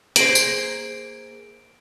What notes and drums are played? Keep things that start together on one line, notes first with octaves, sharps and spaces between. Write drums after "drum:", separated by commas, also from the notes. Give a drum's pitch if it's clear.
A#3 G#4 C5 D7, drum: hi-hat
drum: tambourine